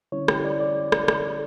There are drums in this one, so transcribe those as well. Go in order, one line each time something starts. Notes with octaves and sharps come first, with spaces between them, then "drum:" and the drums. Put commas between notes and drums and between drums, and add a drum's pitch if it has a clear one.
D3 G3 C#4 E4 C#5
G4, drum: rim click
D5
D5
drum: rim click
drum: rim click